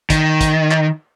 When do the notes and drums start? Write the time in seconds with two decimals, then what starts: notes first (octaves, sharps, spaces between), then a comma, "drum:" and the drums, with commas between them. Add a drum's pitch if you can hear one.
0.10 D#3, drum: kick, hi-hat
0.41 drum: kick, hi-hat
0.71 drum: clap